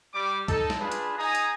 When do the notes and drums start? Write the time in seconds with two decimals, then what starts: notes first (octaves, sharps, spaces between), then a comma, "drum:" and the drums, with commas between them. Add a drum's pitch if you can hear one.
0.14 G3 D6
0.48 D#4 A4, drum: kick, hi-hat
0.70 drum: snare
0.80 D4 F4 G#4 B4
0.92 drum: hi-hat
1.18 D#4 G#4 G#5 A#5 D#6
1.35 drum: hi-hat